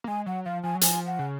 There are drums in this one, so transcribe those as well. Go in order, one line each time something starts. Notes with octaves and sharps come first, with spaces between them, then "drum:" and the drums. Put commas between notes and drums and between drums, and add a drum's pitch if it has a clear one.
A#3
G#3 G#5
F#3 F#5
F3 F5
F3 G#5
F#3
F3 G#5, drum: hi-hat
F#5
C#3